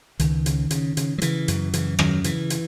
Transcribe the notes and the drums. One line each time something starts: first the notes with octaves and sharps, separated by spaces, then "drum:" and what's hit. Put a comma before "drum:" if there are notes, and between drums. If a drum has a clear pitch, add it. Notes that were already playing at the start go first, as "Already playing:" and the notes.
C#2 D#3, drum: hi-hat
C#3, drum: hi-hat
C#3, drum: hi-hat
C#3, drum: hi-hat
F#3
C#3 E3, drum: hi-hat
F#2, drum: hi-hat
C#3 E3, drum: hi-hat
F#2 D#3 F#3, drum: rim click
C#3 E3, drum: hi-hat
drum: hi-hat